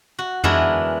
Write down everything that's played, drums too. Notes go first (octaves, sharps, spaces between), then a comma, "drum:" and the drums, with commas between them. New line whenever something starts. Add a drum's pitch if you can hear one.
F#4
E3 G#3 B3 D4 F#4 A#4, drum: tom F2